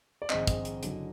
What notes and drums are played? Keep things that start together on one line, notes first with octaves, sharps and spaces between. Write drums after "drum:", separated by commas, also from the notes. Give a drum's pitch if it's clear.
D5
A#1 G#2 D#3 G#3 C4 D#5, drum: clap
drum: kick, hi-hat
drum: hi-hat
F#1 F#2 D3 F#3, drum: hi-hat